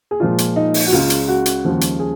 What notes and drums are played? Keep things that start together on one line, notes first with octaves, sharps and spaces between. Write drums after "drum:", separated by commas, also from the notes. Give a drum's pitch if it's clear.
G#4
A#2 F3 G#3 F4
drum: hi-hat
D#4
drum: open hi-hat
F#4
C#2 C#3 G#3 F4
drum: hi-hat
F#4
drum: hi-hat
D#2 C#3 F3 G#3
drum: hi-hat
G#4